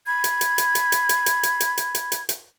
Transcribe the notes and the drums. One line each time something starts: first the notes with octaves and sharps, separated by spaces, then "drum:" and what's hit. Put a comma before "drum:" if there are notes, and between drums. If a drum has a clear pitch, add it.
B5 G#6
drum: hi-hat
drum: hi-hat
drum: hi-hat
drum: hi-hat
drum: hi-hat
drum: hi-hat
drum: hi-hat
drum: hi-hat
drum: hi-hat
drum: hi-hat
drum: hi-hat
drum: hi-hat
drum: hi-hat